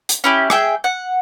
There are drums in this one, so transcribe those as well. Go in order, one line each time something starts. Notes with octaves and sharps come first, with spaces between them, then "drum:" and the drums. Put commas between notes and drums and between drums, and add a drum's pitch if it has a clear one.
drum: hi-hat
C#4 E4 G4
G#4 E5 G5, drum: rim click
F#5